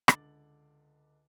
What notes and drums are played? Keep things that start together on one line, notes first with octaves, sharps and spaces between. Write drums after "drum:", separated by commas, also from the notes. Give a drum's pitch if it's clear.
C#2 D3 D6 A6 F#7, drum: rim click